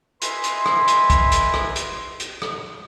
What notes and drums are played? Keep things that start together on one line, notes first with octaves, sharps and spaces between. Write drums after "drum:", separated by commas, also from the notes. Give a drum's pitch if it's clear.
B4 D#5 E5 G#5 B5 C6, drum: hi-hat
drum: hi-hat
drum: rim click
drum: hi-hat
drum: kick, hi-hat
drum: hi-hat
drum: rim click
drum: hi-hat
drum: hi-hat
drum: rim click